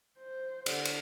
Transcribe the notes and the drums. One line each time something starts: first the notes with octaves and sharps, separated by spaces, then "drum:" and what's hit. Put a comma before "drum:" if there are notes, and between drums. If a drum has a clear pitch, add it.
C5
D3 G#5, drum: cymbal
drum: cymbal